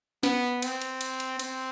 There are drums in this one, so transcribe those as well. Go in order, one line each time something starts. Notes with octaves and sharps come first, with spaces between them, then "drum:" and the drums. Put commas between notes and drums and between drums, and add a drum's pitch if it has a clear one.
B3, drum: snare
C4, drum: cymbal
drum: cymbal
drum: cymbal
drum: cymbal
C4, drum: cymbal